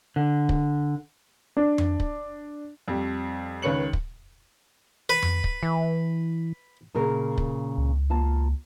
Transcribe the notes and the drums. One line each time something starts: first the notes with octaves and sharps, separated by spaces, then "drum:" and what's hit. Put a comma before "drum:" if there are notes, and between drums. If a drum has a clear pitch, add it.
D3
drum: kick
D4
drum: tom F2
drum: kick
F2 G3
C#2 D#3 B4 C#5 C#7 F#7
drum: kick
B4
drum: tom F2
drum: kick
E3
A#2 C#3 A#4
drum: kick
C#2
A#3 F4 A5